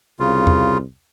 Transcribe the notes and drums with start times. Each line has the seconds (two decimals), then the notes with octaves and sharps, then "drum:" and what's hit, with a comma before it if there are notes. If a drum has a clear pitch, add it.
0.20 C2 C#3 F4
0.47 drum: tom E2